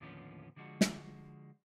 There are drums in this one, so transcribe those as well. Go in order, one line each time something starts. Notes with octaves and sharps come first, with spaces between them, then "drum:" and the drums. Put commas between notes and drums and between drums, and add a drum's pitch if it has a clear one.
D#2 A2 D3 F3 B3 C#4
D3 F3 G#3 F#4
drum: snare